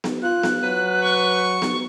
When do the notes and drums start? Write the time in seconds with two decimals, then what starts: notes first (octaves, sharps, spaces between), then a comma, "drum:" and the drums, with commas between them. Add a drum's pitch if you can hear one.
0.04 drum: snare B3
0.23 F4 F#6
0.43 drum: snare B3
0.63 F#3 B4
1.03 C#6
1.62 drum: snare B3